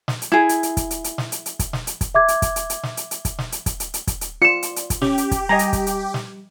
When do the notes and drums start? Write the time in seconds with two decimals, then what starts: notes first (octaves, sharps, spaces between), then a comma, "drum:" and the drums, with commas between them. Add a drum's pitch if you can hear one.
0.08 drum: snare
0.22 drum: hi-hat
0.32 E4 G#4
0.49 drum: hi-hat
0.63 drum: hi-hat
0.77 drum: kick, hi-hat
0.91 drum: hi-hat
1.04 drum: hi-hat
1.18 drum: snare
1.32 drum: hi-hat
1.46 drum: hi-hat
1.59 drum: kick, hi-hat
1.73 drum: snare
1.87 drum: hi-hat
2.01 drum: kick, hi-hat
2.15 E5 D6 G#6
2.28 drum: hi-hat
2.42 drum: kick, hi-hat
2.56 drum: hi-hat
2.70 drum: hi-hat
2.83 drum: snare
2.97 drum: hi-hat
3.11 drum: hi-hat
3.25 drum: kick, hi-hat
3.39 drum: snare
3.52 drum: hi-hat
3.66 drum: kick, hi-hat
3.80 drum: hi-hat
3.94 drum: hi-hat
4.07 drum: kick, hi-hat
4.21 drum: hi-hat
4.42 F4 D5 C#7 E7
4.63 drum: hi-hat
4.76 drum: hi-hat
4.90 drum: kick, hi-hat
5.02 C#4 G4, drum: snare
5.18 drum: hi-hat
5.31 drum: kick, hi-hat
5.49 G3 D#5 G#5 A#5
5.59 drum: hi-hat
5.73 drum: kick, hi-hat
5.87 drum: hi-hat
6.14 drum: snare